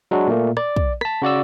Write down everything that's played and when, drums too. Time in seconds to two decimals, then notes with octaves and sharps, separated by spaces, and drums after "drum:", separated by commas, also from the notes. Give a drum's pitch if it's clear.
0.11 F#3 G#3 D4 F#4
0.28 A#2 A3 A#3
0.57 D5, drum: rim click
0.76 drum: kick
1.01 A5 B6, drum: rim click
1.22 C#3 F#4 D5 E6